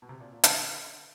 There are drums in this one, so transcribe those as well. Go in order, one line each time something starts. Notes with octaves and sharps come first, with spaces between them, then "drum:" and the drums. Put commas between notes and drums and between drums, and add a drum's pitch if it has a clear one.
B2
C3
A#2
A#2
D3, drum: hi-hat